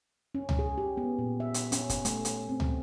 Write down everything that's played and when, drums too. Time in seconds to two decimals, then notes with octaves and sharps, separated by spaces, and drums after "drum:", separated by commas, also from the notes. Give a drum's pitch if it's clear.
0.35 C#4
0.49 drum: tom C#2
0.59 G#4
0.78 G4
0.97 B3
1.19 A#2
1.40 E5
1.54 drum: hi-hat
1.72 C#4, drum: hi-hat
1.89 drum: kick, hi-hat
2.05 A3, drum: hi-hat
2.25 drum: hi-hat
2.49 C4
2.60 drum: tom C#2